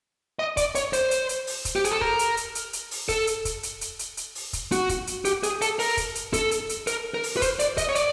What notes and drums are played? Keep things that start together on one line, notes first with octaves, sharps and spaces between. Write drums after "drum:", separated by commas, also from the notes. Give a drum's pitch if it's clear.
D#5
D5, drum: kick, hi-hat
C#5, drum: hi-hat
C5, drum: hi-hat
drum: hi-hat
drum: hi-hat
drum: open hi-hat
drum: kick, hi-hat
G4
G#4, drum: hi-hat
A4
A#4, drum: kick
drum: hi-hat
drum: hi-hat
drum: hi-hat
drum: hi-hat
drum: open hi-hat
A4, drum: kick, hi-hat
drum: hi-hat
drum: kick, hi-hat
drum: hi-hat
drum: hi-hat
drum: hi-hat
drum: hi-hat
drum: open hi-hat
drum: kick, hi-hat
F#4, drum: hi-hat
drum: kick, hi-hat
drum: hi-hat
G4, drum: hi-hat
G#4, drum: hi-hat
A4, drum: hi-hat
A#4, drum: open hi-hat
drum: kick, hi-hat
drum: hi-hat
A4, drum: kick, hi-hat
drum: hi-hat
drum: hi-hat
A#4, drum: hi-hat
A#4
drum: open hi-hat
B4
C5, drum: kick, hi-hat
D5, drum: hi-hat
D#5, drum: kick, hi-hat
C#5
D5, drum: hi-hat